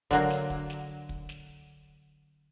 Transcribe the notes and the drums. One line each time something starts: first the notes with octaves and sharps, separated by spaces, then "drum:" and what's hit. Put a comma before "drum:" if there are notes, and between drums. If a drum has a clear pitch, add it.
D3 F#3 A#3, drum: kick
drum: snare
drum: kick
drum: snare
drum: kick
drum: snare